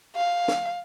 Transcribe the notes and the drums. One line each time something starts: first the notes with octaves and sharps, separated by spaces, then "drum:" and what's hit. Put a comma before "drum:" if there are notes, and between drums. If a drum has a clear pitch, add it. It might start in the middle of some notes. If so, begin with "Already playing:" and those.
F5
drum: snare